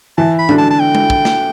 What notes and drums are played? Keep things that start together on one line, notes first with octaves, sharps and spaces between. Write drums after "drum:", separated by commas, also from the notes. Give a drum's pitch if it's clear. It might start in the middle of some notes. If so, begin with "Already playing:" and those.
E3 E4 A5
B5
D3 D4, drum: tom A2
A5
A5
G5
drum: tom G#3
drum: kick
drum: snare